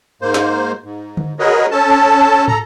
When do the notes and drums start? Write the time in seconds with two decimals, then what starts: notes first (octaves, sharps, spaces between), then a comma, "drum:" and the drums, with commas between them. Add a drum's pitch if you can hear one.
0.22 G#2 A#3 C5
0.34 drum: snare
0.84 G#2
1.17 drum: tom D3
1.39 F#4 G#4 A#4 B4 C#5 D#5
1.71 C#4 A4 A5
2.48 A4 A#5, drum: tom